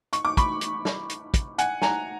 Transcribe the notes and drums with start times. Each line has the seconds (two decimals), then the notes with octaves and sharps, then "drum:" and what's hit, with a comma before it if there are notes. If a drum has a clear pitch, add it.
0.13 C#6, drum: hi-hat
0.25 D6
0.37 B5 C#6, drum: kick, hi-hat
0.61 drum: hi-hat
0.85 drum: snare
1.09 drum: hi-hat
1.34 drum: kick, hi-hat
1.58 F#5 G#5, drum: hi-hat
1.82 G#5 A#5, drum: snare